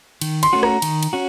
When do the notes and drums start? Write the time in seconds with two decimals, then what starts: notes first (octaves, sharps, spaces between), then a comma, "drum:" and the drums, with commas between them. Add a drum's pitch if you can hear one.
0.21 D#3, drum: cymbal
0.43 C6, drum: cymbal
0.53 A3 C#4 F#4
0.63 A#5, drum: rim click
0.82 D#3, drum: cymbal
1.03 drum: cymbal
1.13 C#4 F#4